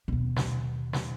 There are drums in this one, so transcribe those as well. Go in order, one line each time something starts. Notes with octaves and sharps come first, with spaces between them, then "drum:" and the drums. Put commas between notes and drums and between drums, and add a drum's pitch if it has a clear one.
D#2 B2
drum: snare
drum: snare